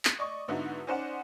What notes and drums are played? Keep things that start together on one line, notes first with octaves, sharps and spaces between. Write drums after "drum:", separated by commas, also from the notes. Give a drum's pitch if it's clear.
D#6, drum: clap
D5 D#5 C#6
G#2 D3 B3 D#4 E4 F#4
C#4 D#4 C5 D5 F#5 E7